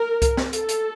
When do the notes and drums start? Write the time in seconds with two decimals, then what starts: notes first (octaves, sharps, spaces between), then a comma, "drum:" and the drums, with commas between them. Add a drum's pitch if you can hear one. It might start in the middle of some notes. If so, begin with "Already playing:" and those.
Already playing: A#4
0.22 drum: kick C2, hi-hat
0.37 drum: snare
0.53 A4, drum: hi-hat
0.69 drum: hi-hat